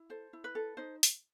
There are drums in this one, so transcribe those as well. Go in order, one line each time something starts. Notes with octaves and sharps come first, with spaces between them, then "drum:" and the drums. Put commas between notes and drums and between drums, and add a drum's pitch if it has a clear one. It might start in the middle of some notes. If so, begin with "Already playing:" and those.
Already playing: E4
A4 C5
E4
B4
A4
D#4 C5
drum: open hi-hat